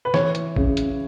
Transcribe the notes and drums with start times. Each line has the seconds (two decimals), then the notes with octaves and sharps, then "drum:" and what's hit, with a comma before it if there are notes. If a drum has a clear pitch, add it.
0.05 B4
0.14 E3 C#5, drum: snare
0.35 drum: hi-hat
0.56 C#3, drum: kick
0.77 drum: hi-hat